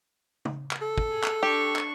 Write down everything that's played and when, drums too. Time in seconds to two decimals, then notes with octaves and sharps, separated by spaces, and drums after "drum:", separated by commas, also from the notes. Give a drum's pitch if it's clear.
0.45 drum: tom
0.71 drum: clap
0.81 A4
0.98 drum: kick
1.11 G#4
1.24 drum: clap
1.43 D4 G4 C#6
1.76 drum: clap